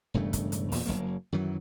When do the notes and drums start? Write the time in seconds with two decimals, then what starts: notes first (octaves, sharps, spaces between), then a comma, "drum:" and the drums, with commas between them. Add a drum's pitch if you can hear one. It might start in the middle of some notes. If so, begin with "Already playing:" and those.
0.14 E1 G2 C#3 A3
0.33 drum: kick, hi-hat
0.52 drum: hi-hat
0.72 E2 G2 A#2, drum: open hi-hat
0.86 F#1 E2 F#3 A#3
1.32 F#2 D#3 E3 F#3